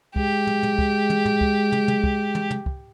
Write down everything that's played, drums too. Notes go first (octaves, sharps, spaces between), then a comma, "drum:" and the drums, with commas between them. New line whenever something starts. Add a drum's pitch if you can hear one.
G#3 G4, drum: kick
drum: tom
drum: tom
drum: kick
drum: tom
drum: tom
drum: kick
drum: tom
drum: tom
drum: kick
drum: tom
drum: tom
drum: kick